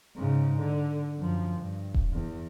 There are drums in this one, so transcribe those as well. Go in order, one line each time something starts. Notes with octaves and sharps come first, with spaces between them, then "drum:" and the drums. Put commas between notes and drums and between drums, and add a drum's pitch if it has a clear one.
G#2 C#3
D3
F#2 F3
G2
drum: kick D#1
E2